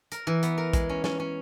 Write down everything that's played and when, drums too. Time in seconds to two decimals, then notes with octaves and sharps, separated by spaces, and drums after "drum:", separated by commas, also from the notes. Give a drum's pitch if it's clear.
0.12 A#4, drum: hi-hat
0.27 E3
0.43 B3, drum: hi-hat
0.58 A#4
0.73 G#3, drum: kick A#1, hi-hat
0.89 C#4
1.04 C#4, drum: snare
1.20 C#4